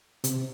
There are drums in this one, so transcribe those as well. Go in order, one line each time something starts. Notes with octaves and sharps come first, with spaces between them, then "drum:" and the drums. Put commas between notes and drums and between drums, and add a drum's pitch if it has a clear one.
C3, drum: hi-hat